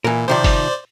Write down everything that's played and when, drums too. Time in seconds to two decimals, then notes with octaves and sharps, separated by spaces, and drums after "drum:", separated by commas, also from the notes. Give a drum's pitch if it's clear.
0.04 A#2 E3 A#4
0.28 C3 D#3 F3 C5 D5
0.44 drum: kick F#1, open hi-hat